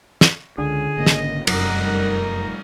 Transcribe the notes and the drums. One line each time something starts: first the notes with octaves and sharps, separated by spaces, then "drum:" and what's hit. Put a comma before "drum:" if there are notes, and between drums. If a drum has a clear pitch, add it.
drum: snare
C#2 D3 G#4
G#1 C#3 A#3 D#5
drum: snare
F1 F#2 G3 D#4 A#4 F#5, drum: cymbal